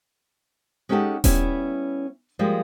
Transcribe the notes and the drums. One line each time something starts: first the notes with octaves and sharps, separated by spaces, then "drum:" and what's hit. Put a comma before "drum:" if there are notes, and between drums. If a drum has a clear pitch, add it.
G#3 C#4 D#4 G4 A4 F#5
G3 B3 C#4 E4, drum: kick D#1, open hi-hat
F3 G3 G#3 A#3